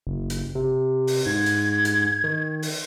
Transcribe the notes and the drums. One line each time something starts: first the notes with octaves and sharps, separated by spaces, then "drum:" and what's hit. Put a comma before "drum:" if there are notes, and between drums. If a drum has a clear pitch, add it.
F#1
drum: hi-hat
C3
drum: open hi-hat
G#2 G#6
drum: hi-hat
drum: hi-hat
D#3
drum: open hi-hat